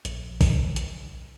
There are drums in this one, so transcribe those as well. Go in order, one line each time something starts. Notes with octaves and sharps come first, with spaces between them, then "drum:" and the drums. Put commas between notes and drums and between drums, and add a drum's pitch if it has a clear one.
A#1, drum: hi-hat
drum: kick A1, open hi-hat
drum: hi-hat